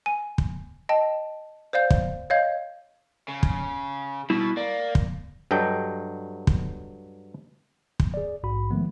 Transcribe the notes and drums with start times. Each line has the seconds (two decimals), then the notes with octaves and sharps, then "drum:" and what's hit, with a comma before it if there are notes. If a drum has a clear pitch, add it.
0.06 G#5 D#7
0.38 drum: kick
0.89 D#5 G5 A5
1.73 C5 D5 F5 G6
1.90 drum: kick
2.30 C#5 D#5 F5 G6 G#6
3.28 C#3
3.43 drum: kick
4.30 B2 G3 B3 E4
4.57 A#3 D5
4.95 drum: kick
5.51 G2 F#3 A4 D#5 G5
6.47 drum: kick
8.00 drum: kick
8.14 G#4 D5
8.43 A#1 G#2 F#4 B5
8.71 D#3 F3 G#3 A3 B3